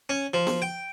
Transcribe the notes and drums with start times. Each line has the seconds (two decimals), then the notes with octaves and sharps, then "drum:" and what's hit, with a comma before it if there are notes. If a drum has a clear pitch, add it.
0.09 C#4
0.33 F3
0.47 drum: snare B3
0.62 G5